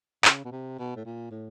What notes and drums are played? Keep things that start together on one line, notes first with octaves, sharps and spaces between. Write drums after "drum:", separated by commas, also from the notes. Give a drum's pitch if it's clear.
C#3, drum: clap
B2
C3
B2
A2
A#2
A2